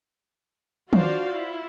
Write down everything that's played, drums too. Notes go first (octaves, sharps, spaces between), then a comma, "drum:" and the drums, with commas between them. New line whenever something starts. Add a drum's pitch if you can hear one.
D4 F4 F#4 C5 D5 F5, drum: tom
E4 F4